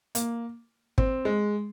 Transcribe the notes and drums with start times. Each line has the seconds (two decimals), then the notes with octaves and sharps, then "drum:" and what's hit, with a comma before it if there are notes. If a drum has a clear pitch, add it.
0.15 A#3, drum: hi-hat
0.98 C4, drum: kick
1.25 G#3